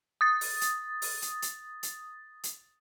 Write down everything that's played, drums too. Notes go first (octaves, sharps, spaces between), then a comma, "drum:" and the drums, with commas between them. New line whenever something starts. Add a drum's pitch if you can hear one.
D#6 A6
drum: open hi-hat
drum: hi-hat
drum: open hi-hat
drum: hi-hat
drum: hi-hat
drum: hi-hat
drum: hi-hat